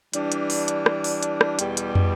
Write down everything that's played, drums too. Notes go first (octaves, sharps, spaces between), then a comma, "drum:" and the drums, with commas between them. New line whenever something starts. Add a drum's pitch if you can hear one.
E3 G3 D4, drum: hi-hat
drum: hi-hat
drum: open hi-hat
drum: hi-hat
drum: rim click
drum: open hi-hat
drum: hi-hat
drum: rim click
E2 B2 G3, drum: hi-hat
drum: hi-hat
drum: tom